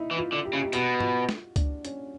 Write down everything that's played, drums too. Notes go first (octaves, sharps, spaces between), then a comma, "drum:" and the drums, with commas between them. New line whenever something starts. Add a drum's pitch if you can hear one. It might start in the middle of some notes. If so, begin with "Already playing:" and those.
Already playing: D#4 E4
E3
F4
D3
G4
C#3
G4
B2 F#4, drum: hi-hat
F4, drum: tom G#2
drum: snare
D4, drum: kick C#2, hi-hat
C#4, drum: hi-hat